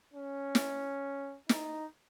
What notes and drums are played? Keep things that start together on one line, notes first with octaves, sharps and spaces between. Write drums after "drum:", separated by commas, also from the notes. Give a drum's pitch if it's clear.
C#4
drum: snare
D#4, drum: snare